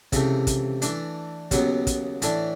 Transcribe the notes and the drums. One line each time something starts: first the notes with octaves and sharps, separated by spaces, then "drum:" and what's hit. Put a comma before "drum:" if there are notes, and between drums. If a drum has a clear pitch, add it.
C#2 C3 E3 A3, drum: kick, hi-hat
drum: kick, hi-hat
E3 A3 D4, drum: hi-hat
D#2 C#3 F#3 B3, drum: kick, hi-hat
drum: kick, hi-hat
A2 E3 A3 D4, drum: hi-hat